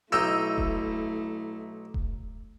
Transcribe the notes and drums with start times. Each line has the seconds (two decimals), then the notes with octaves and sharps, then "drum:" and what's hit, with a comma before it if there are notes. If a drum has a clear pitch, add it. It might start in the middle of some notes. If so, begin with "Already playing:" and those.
0.12 B1 A3 D#4 E4 G5 E6
0.58 drum: kick E1
1.94 drum: kick E1